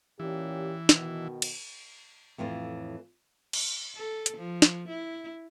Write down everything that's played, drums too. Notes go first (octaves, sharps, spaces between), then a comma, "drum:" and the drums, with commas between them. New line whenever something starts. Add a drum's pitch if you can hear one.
A#2 E3 C#4 G4
B2 D#3, drum: snare
drum: cymbal
F2 A2 E3 F4
drum: cymbal
A4
drum: hi-hat
F3
drum: snare
E4